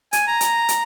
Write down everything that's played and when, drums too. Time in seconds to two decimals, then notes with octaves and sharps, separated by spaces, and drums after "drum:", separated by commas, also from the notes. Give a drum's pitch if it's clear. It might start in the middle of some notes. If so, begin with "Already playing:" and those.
0.13 G#5, drum: hi-hat
0.27 A#5
0.41 drum: hi-hat
0.68 drum: hi-hat